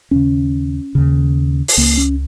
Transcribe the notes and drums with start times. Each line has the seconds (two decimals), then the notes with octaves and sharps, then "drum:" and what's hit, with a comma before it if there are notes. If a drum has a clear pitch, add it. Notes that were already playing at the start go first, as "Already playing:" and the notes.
0.11 D#2 C#3 C#4
0.95 D#2 C#3
1.68 drum: open hi-hat
1.77 C#2 C#3 A#3
1.97 C#4